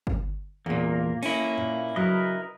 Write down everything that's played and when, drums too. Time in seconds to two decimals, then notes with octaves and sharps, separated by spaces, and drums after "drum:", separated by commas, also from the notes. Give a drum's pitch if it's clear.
0.07 drum: kick G1
0.66 E2 A#2 A#3
1.23 C#4 E4, drum: open hi-hat
1.58 A#2
1.96 C#3 F#3 A#4 B4 D#5